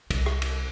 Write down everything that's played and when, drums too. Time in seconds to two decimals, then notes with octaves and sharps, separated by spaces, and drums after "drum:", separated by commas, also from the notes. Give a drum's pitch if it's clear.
0.10 C2, drum: kick, cymbal
0.26 drum: rim click
0.42 drum: cymbal